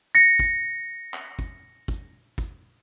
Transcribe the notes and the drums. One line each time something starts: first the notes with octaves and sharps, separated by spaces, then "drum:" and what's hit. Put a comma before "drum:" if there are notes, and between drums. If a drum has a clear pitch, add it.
A#6 C#7
drum: kick
drum: clap
drum: kick
drum: kick
drum: kick